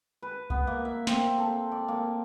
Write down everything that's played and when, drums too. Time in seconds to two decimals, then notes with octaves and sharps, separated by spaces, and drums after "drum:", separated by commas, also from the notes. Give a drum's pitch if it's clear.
0.22 B4
0.50 B3, drum: kick C2
0.67 A#3
0.85 E5
1.07 C4, drum: snare
1.38 A4
1.72 D5
1.88 A#3